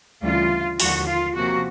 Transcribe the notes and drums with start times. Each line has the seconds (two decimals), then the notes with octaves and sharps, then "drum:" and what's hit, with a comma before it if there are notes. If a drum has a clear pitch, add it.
0.22 D2 C#3 E3 G3 F4
0.80 D#2 D3 F3 G#3 F#4, drum: open hi-hat
1.07 F4
1.36 C3 F3 A#3 C#4 F#4